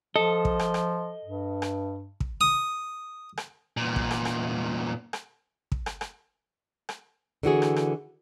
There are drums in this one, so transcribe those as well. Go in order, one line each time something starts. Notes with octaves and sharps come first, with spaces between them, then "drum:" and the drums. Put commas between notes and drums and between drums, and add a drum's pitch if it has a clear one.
F3 A4 D#5
drum: kick
drum: rim click
drum: rim click
G2
drum: rim click
drum: kick
D#6
drum: rim click
E2 A#2
drum: kick
drum: rim click
drum: rim click
drum: rim click
drum: kick
drum: rim click
drum: rim click
drum: rim click
D3 E3 F#4 G#4
drum: rim click
drum: rim click